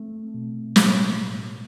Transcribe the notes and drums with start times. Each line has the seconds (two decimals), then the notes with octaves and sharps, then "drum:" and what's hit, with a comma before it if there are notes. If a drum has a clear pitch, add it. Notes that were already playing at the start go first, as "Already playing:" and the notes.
Already playing: A3 C4
0.34 B2
0.76 A2, drum: snare
1.19 A2